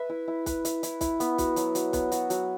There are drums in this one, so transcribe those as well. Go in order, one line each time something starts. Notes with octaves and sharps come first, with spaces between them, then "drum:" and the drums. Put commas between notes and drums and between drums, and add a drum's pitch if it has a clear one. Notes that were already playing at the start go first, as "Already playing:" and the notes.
Already playing: B4 E5
E4
E4
B4, drum: kick B1, hi-hat
E5, drum: hi-hat
E4, drum: hi-hat
E4, drum: kick B1, hi-hat
B3, drum: hi-hat
F#4, drum: kick B1, hi-hat
F#3, drum: hi-hat
F#3, drum: hi-hat
B3, drum: kick B1, hi-hat
F#4, drum: hi-hat
F#3, drum: hi-hat